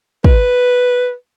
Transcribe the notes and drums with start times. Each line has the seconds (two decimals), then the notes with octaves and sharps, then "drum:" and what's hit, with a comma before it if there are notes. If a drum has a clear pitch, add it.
0.24 B4, drum: kick